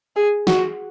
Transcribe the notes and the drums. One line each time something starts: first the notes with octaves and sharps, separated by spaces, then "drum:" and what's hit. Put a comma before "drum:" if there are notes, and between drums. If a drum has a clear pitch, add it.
G#4
F#4, drum: snare